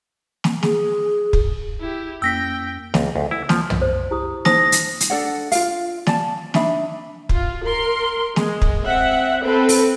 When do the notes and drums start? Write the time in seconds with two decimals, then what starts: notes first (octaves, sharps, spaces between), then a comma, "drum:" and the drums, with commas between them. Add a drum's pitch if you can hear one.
0.44 drum: snare
0.63 G#4, drum: snare
1.33 drum: kick
1.80 E4 G4
2.22 F2 A#3 C#4 G5 E6 A#6 B6
2.94 C#2, drum: snare
3.16 D2
3.31 E4
3.49 F3, drum: snare
3.70 drum: tom
3.82 C5
4.11 E4 G4 D#6
4.45 D#4 C5 D#6 A#6, drum: snare
4.72 drum: hi-hat
5.00 drum: hi-hat
5.10 D4 A4 D5 F#5
5.52 F4 F5, drum: open hi-hat
6.07 D5 A5, drum: snare
6.54 D4 D#4 E5 B5, drum: snare
7.29 F4, drum: kick
7.63 A#4 C6
8.36 G#3, drum: snare
8.62 drum: kick
8.84 C4 E5 F#5
9.42 C4 A4 B4
9.69 drum: open hi-hat